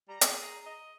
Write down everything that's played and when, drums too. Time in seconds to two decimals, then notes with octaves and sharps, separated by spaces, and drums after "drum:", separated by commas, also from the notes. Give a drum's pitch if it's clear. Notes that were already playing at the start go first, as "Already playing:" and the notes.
0.08 G3 A#5
0.21 G#4, drum: hi-hat
0.66 D#5